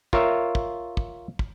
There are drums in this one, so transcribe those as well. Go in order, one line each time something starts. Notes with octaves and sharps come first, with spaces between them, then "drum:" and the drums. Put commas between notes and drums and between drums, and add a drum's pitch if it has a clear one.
F4 A#4 C#5 E5, drum: kick
drum: kick
drum: kick
drum: kick